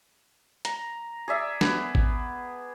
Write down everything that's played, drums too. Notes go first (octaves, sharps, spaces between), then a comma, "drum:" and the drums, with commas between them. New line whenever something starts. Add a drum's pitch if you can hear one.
A#5, drum: hi-hat
G#4 D5 E5
B3, drum: snare
drum: kick